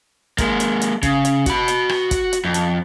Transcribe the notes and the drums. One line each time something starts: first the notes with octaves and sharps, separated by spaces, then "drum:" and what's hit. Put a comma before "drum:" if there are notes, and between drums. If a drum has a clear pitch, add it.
G#3 A#3, drum: kick, hi-hat
drum: hi-hat
drum: hi-hat
C#3, drum: kick, hi-hat
drum: hi-hat
F#4 B5, drum: kick, hi-hat
drum: hi-hat
drum: rim click
drum: kick, hi-hat
drum: hi-hat
F2
drum: hi-hat